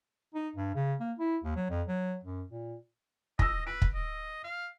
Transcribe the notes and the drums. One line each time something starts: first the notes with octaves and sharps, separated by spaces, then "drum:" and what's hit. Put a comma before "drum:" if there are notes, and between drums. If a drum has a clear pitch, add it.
D#4
G2
C#3
A#3
E4
D#2
F#3
F2
F#3
F#2
A#2
D#5 E6 A#6, drum: kick
B4 D7
drum: kick
D#5
F5